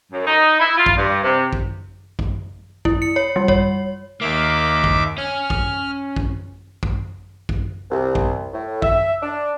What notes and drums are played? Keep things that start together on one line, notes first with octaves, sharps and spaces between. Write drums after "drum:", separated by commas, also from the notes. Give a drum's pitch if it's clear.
F#2
D#4
E4
F4
drum: kick A1
G2
C3
drum: kick A1
drum: kick A1
E4, drum: kick A1
C#7
C#5
G3
C#5, drum: kick A1
D#2 A#3 E5 D6
drum: kick A1
C#4 F6
drum: kick A1
drum: kick A1
drum: kick A1
drum: kick A1
C2
drum: kick A1
A2
E5, drum: kick A1
D4